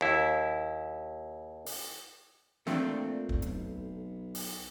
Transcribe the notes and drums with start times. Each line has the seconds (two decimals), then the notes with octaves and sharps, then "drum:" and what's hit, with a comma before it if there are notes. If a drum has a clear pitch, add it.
0.01 D#2 E4
1.66 drum: open hi-hat
2.67 A#2 A3 C4 D4, drum: snare
3.29 drum: kick
3.42 B1, drum: hi-hat
4.35 drum: open hi-hat